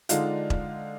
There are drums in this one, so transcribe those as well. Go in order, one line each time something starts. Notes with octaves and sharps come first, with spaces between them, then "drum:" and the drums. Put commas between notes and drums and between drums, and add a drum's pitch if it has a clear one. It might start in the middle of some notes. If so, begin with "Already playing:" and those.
D3 G#3 D4 D#4 F4, drum: hi-hat
drum: kick E1